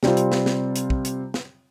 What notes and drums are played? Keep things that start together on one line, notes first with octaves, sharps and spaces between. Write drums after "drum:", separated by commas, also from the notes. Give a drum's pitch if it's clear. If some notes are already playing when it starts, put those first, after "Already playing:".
C3 G3 C4 F4, drum: snare
drum: hi-hat
drum: snare
drum: snare
drum: hi-hat
drum: kick
drum: hi-hat
drum: snare